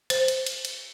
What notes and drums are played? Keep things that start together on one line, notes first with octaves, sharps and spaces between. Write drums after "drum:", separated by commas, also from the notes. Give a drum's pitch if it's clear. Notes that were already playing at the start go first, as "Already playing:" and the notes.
C5, drum: cymbal
drum: cymbal
drum: cymbal
drum: cymbal